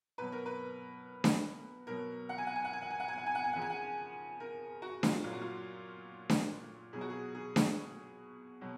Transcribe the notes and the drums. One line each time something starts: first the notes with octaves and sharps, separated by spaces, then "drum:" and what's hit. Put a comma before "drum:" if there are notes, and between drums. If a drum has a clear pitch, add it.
B2 F#3 B4
A#4
B4
drum: snare D4
B2 F#3 A#4
F#5
G#5
F#5
G#5
F#5
G#5
F#5
G#5
F#5
G#5
F#5
G#5
F#5
G#5
C#3 F3 F#5
G#5
F#5
A#4
F#4
F4, drum: snare D4
A#2 F#3 F4
F#4
F4
drum: snare D4
B2 F#3 G#4
F#4
G#4
G#4
drum: snare D4
B2 F#3